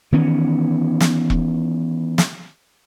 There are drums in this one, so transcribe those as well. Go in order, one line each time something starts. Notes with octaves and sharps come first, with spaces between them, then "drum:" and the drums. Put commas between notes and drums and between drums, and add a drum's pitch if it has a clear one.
D#3 E3 B3 C#4
drum: snare
drum: kick E1
drum: snare